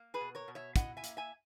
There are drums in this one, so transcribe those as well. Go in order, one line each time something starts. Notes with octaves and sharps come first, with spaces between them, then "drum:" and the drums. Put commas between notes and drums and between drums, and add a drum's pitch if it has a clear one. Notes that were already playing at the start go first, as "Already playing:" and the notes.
Already playing: A#3
G#4 B4
B2
A#4 C#5
B2
C#5 E5
E4 D#5 F#5, drum: kick, hi-hat
E5 G#5
A#3, drum: hi-hat
E5 G#5